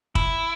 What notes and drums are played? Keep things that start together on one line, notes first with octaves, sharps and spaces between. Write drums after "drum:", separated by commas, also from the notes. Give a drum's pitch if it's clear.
E4, drum: kick